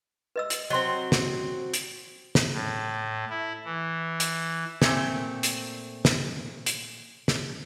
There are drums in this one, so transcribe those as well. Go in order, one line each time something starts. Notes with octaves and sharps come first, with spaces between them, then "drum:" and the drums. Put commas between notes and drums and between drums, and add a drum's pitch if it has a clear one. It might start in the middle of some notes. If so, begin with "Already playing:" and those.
B4 D#5 E6
drum: hi-hat
F#3 C4 D#5 C6
drum: snare
drum: hi-hat
drum: snare
A2
E4
E3
drum: hi-hat
A#2 A3 C4, drum: snare
drum: hi-hat
drum: snare
drum: hi-hat
drum: snare